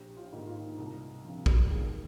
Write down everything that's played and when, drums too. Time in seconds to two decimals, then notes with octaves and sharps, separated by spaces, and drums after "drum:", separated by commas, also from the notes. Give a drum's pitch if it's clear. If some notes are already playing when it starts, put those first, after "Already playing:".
Already playing: A#1 G4
0.17 F4
0.32 G#2 D#3 A#3
0.47 F4
0.78 C2
1.25 C3 F3
1.46 drum: kick
1.71 D#2 G#4